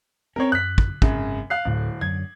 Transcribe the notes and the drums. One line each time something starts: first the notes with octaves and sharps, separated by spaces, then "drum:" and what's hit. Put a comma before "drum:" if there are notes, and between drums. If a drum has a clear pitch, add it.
C4 C#4 A#4 C#5
F#2 F#6 B6
drum: kick
G#1 F#2 C#3, drum: kick
F5 F#6 C7
D1 D2 A2
F#2 D3 G#6